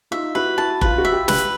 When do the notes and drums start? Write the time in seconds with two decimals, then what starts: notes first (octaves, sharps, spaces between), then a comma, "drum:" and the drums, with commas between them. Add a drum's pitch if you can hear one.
0.11 D#4 F4 E5
0.35 E4 F#4 B4
0.58 E4 F#4 A5
0.81 F4 B4, drum: kick F1
0.98 F#4
1.05 E5
1.12 F4 G4
1.28 B4, drum: snare